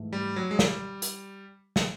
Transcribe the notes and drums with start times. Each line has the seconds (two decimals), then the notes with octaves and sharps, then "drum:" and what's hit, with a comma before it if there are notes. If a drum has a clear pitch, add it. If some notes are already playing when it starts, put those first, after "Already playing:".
Already playing: G#2 E3 A3
0.13 G3
0.36 F#3
0.51 G#3
0.59 G3, drum: snare
1.02 drum: hi-hat
1.76 drum: snare